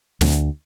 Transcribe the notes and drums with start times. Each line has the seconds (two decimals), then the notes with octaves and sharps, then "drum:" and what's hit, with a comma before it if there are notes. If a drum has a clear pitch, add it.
0.21 D2, drum: snare